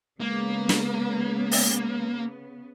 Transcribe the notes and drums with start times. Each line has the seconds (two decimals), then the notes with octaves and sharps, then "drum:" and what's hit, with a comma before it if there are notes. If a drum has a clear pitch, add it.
0.20 C#3 G#3 A#3 B3
0.69 drum: snare
1.52 drum: open hi-hat